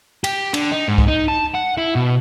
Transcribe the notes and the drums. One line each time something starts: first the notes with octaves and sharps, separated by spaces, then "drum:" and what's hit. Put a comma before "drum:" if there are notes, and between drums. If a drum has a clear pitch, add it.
G4, drum: cymbal
D3, drum: cymbal
D#4
G#2
drum: kick C2
D#4
A5
F#5
E4
B2